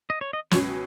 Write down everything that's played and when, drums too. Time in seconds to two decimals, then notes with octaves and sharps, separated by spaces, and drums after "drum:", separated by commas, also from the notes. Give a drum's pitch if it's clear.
0.10 D#5
0.21 C#5
0.33 D#5
0.51 C#2 B2 F#3 C#4 C#5, drum: snare